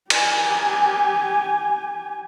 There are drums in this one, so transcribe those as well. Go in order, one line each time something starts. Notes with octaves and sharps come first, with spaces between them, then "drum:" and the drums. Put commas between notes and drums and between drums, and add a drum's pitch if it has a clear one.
G4 G#5, drum: cymbal